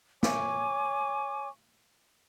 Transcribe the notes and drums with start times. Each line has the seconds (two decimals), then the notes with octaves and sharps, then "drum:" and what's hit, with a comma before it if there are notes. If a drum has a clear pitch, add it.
0.23 C#5 G#5 C#6 D6, drum: snare